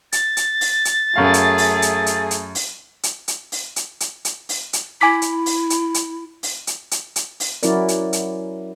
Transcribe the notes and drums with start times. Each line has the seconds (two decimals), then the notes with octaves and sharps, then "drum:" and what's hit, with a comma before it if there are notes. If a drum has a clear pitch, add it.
0.12 A6, drum: hi-hat
0.37 drum: hi-hat
0.61 drum: open hi-hat
0.85 drum: hi-hat
1.16 F#2 A3 G#4 F5
1.34 drum: hi-hat
1.58 drum: open hi-hat
1.82 drum: hi-hat
2.06 drum: hi-hat
2.31 drum: hi-hat
2.55 drum: open hi-hat
3.03 drum: hi-hat
3.28 drum: hi-hat
3.52 drum: open hi-hat
3.76 drum: hi-hat
4.00 drum: hi-hat
4.25 drum: hi-hat
4.49 drum: open hi-hat
4.73 drum: hi-hat
5.01 E4 G#5 D6 B6
5.22 drum: hi-hat
5.46 drum: open hi-hat
5.70 drum: hi-hat
5.94 drum: hi-hat
6.43 drum: open hi-hat
6.67 drum: hi-hat
6.91 drum: hi-hat
7.16 drum: hi-hat
7.40 drum: open hi-hat
7.63 F#3 C#4 E4 F#4 A#4 D5, drum: hi-hat
7.88 drum: hi-hat
8.13 drum: hi-hat